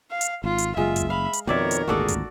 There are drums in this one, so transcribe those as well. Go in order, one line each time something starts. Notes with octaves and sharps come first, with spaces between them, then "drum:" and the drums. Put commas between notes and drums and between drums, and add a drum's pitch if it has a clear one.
F5
drum: hi-hat
G#1 F4
drum: hi-hat
F#1 G#3 F4 E5
drum: kick, hi-hat
F5 B5
drum: hi-hat
F2 B2 D#3 A#4 C#5 D5 E5
drum: hi-hat
G#1 D2 A#2 F#4 G#4 A4 D5
drum: kick, hi-hat